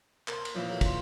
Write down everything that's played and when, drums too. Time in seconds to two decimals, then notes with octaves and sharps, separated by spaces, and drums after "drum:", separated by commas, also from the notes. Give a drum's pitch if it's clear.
0.28 A#3 C5, drum: clap
0.45 drum: cymbal
0.55 A#2 E3 F3 C#4
0.69 F#3 A3
0.81 C5 G5, drum: kick, cymbal